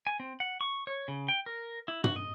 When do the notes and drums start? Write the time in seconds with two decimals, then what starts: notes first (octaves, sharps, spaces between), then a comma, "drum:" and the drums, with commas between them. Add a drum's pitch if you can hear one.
0.07 G#5
0.20 C4
0.40 F#5
0.61 C#6
0.87 C#5
1.08 C#3
1.28 G5
1.46 A#4
1.88 E4
2.04 F#4, drum: tom
2.16 D#5